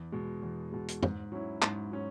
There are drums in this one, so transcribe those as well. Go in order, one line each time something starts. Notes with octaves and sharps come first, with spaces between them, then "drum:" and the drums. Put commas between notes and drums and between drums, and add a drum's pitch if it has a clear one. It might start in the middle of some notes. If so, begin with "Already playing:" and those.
Already playing: E2
B2 G#3
E2
B2 G#3
drum: hi-hat
G#2, drum: tom
F#3 C#4 E4
G#2, drum: clap
F#3 C#4